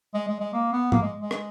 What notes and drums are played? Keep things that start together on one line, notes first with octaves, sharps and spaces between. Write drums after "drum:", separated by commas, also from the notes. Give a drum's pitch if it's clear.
G#3
G#3
G#3
A#3
B3
A#3, drum: tom G#2
G#3
G#3
drum: rim click